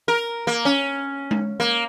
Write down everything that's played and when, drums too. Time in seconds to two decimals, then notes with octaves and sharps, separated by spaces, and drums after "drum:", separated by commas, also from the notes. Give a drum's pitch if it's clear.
0.08 A#4
0.47 A#3
0.65 C#4
1.31 drum: tom G#3
1.60 A#3